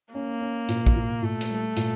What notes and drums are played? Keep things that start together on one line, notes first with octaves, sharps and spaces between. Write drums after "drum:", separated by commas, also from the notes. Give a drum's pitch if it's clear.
A#3 C#4
C#4
A#2, drum: hi-hat
drum: kick A#1
A#2
A#2 A3
drum: hi-hat
G3
A#2, drum: hi-hat